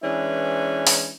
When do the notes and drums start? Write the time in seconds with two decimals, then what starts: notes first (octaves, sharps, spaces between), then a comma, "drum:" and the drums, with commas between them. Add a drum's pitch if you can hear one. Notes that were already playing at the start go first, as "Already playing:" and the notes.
0.02 E3 G#3 C#4 D4 E4 B4
0.87 drum: open hi-hat